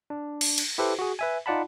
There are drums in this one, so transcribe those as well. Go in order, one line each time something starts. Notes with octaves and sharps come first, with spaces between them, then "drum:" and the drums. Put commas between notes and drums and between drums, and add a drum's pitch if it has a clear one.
D4
drum: cymbal
drum: cymbal
E4 G4 A4 B4 C5
F#4 G#4
B4 E5 G#5
D#4 F4 D5 F#5 A5 B5